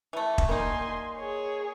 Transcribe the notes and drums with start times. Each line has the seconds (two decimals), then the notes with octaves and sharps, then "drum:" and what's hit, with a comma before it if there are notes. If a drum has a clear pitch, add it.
0.13 E3 A3
0.38 drum: kick
0.49 G3 A#3 D#4 G#5 C6
1.17 G#4 C#5